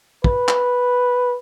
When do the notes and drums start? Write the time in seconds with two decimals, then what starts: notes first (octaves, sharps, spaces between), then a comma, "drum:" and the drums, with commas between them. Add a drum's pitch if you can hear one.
0.24 B4, drum: kick
0.48 drum: clap